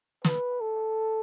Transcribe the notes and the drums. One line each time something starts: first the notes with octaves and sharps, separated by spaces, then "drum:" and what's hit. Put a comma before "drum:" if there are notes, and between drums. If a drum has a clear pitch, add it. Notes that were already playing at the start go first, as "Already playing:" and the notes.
B4, drum: snare
A4